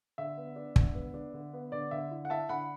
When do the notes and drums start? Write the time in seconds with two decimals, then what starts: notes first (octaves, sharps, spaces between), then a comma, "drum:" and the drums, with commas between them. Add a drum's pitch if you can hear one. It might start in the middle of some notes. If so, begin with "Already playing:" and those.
0.18 D3 E5
0.37 B3
0.56 D4
0.76 D3, drum: kick
0.95 B3
1.14 D4
1.34 D3
1.53 B3
1.72 D3 D5
1.91 D3 E5
2.11 E4
2.25 F#5
2.30 E4 E5 A5
2.49 D3 F#5 B5